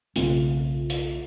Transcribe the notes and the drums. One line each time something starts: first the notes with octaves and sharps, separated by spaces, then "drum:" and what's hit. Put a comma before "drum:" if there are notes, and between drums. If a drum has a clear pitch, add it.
B1 C#3 A3 A#3 C4 F4, drum: hi-hat
drum: hi-hat